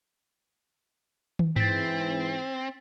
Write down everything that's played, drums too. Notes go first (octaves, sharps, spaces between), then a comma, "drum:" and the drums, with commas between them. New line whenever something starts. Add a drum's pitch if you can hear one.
drum: tom
G#2 E3 C4 A6 B6, drum: tom G2